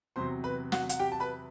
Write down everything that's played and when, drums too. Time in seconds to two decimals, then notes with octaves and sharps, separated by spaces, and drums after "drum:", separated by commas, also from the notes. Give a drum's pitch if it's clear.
0.16 E2 C3 F#3 C5 C6
0.44 B4 B5
0.72 F#4 F#5, drum: snare
0.89 F#5, drum: hi-hat
0.99 G4 G5
1.12 A5
1.20 B4 B5